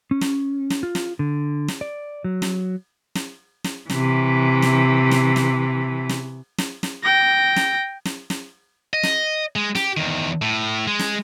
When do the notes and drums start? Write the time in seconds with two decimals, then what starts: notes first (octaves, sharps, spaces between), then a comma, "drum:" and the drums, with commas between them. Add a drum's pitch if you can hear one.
0.11 C#4
0.21 drum: snare
0.70 drum: snare
0.83 F4
0.95 drum: snare
1.19 D3
1.68 drum: snare
1.81 D5
2.24 F#3
2.42 drum: snare
3.15 drum: snare
3.64 drum: snare
3.90 C3 E3, drum: snare
4.62 drum: snare
5.11 drum: snare
5.36 drum: snare
6.09 drum: snare
6.58 drum: snare
6.83 drum: snare
7.03 G5 A#6
7.56 drum: snare
8.05 drum: snare
8.30 drum: snare
8.93 D#5
9.03 drum: snare
9.56 G#3
9.75 G4, drum: snare
9.97 E2 D#3
10.42 A2
10.87 G#3
10.99 drum: snare